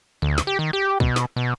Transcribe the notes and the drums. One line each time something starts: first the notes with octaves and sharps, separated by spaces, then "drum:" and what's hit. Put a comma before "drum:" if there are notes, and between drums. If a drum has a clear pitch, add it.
D2, drum: tom C#3
drum: snare
G4
D#3
G4
B2, drum: kick
drum: snare
B2